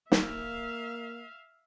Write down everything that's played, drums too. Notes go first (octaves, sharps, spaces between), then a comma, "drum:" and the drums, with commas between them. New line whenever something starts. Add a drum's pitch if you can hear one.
A#3 E5 F5, drum: snare